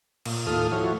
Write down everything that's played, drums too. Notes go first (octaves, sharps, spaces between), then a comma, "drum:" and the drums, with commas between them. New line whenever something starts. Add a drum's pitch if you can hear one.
A#2, drum: cymbal
D#2 A2 F4 A4 D#6 F6
F3 A3 E4 F#4 C#5